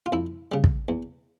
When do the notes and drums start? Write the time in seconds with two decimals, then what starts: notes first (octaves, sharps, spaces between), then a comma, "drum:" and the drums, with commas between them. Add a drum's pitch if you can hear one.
0.06 F4
0.12 F2 E4
0.52 C#3 G3
0.64 drum: kick
0.89 E2